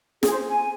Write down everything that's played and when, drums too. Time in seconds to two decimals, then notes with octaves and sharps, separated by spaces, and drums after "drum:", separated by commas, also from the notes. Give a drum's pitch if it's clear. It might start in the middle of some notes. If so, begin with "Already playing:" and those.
0.23 G#4, drum: snare
0.31 C5
0.47 G#5